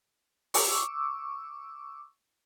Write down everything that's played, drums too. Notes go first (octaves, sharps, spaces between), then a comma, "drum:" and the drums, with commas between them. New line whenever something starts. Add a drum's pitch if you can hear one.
C#6 D6 E6, drum: open hi-hat